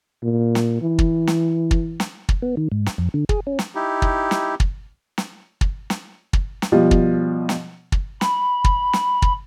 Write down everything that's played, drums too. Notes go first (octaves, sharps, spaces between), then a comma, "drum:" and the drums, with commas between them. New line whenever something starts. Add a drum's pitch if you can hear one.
A#2
drum: snare
E3
drum: kick
drum: snare
drum: kick
drum: snare
drum: kick
B3
D#3
G#2
drum: snare
F2
D3
G#4, drum: kick
C#4
drum: snare
D#4 E4 G4
drum: kick
drum: snare
drum: kick
drum: snare
drum: kick
drum: snare
drum: kick
drum: snare
B2 F3 G3
drum: kick
drum: snare
drum: kick
B5, drum: snare
drum: kick
drum: snare
drum: kick